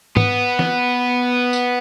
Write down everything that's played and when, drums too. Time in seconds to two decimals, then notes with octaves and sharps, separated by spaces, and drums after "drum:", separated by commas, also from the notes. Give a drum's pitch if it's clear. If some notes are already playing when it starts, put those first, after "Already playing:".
0.17 B3, drum: tom
0.59 drum: snare
1.53 drum: tambourine